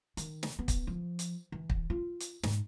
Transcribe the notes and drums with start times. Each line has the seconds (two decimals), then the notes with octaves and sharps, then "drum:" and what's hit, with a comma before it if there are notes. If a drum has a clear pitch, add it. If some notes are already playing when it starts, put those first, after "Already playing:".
0.17 D#3, drum: hi-hat
0.43 drum: snare
0.59 B3
0.68 drum: kick, hi-hat
0.87 F3
1.19 drum: hi-hat
1.52 E3
1.70 drum: kick
1.90 F4
2.20 drum: hi-hat
2.43 G#2, drum: snare